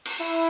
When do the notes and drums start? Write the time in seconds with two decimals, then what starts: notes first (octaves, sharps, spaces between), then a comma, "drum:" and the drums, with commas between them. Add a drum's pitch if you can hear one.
0.05 drum: cymbal
0.20 E4